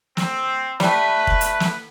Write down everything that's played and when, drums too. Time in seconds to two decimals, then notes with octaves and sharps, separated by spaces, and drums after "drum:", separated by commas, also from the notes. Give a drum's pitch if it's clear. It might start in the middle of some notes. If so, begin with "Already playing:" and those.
0.17 C4, drum: snare
0.80 G3 A3 B4, drum: snare
1.27 drum: kick
1.41 drum: hi-hat
1.60 drum: snare